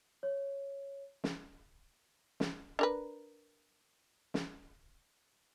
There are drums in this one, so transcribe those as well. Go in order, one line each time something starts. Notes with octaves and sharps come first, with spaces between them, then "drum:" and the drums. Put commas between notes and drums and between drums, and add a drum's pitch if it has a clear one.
C#5
drum: snare
drum: snare
D4 A#4 B4
drum: snare